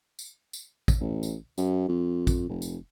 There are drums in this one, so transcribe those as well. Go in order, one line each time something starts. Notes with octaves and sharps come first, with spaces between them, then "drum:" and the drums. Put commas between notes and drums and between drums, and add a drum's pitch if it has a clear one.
drum: tambourine
drum: tambourine
drum: kick, tambourine
A1
drum: tambourine
F#2, drum: tambourine
F2
drum: kick, tambourine
F1
drum: tambourine